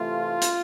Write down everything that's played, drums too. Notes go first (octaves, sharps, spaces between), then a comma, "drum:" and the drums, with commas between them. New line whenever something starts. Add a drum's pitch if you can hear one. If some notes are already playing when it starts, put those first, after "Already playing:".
Already playing: C3 E3 A3 F4
drum: hi-hat